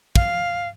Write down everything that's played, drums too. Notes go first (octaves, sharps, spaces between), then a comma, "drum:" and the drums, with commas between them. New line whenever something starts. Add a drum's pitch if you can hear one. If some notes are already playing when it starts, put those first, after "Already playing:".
F5, drum: kick